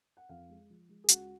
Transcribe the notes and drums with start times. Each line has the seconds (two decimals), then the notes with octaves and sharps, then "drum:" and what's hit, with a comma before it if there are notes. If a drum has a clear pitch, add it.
0.17 F#5
0.29 F2 F5
0.49 G#3
0.70 F3
0.89 G#3
1.04 G#4
1.08 C#2 F#4, drum: hi-hat